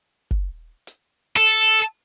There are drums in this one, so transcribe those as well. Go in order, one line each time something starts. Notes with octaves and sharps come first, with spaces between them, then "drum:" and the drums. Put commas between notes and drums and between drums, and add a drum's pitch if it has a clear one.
drum: kick
drum: hi-hat
A4, drum: hi-hat